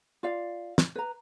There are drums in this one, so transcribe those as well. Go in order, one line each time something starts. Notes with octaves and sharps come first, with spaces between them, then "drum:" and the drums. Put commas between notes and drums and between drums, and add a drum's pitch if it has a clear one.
F4 D5 F5
drum: snare
B4 A#5